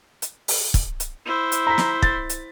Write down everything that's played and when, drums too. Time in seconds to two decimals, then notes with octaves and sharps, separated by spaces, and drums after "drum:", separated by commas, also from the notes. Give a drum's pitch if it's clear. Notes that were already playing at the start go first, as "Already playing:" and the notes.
0.22 drum: hi-hat
0.48 drum: open hi-hat
0.74 drum: kick, hi-hat
1.00 drum: hi-hat
1.26 E4 C5
1.52 drum: hi-hat
1.67 A#5 B6
1.78 drum: snare
2.02 A6, drum: kick
2.30 drum: hi-hat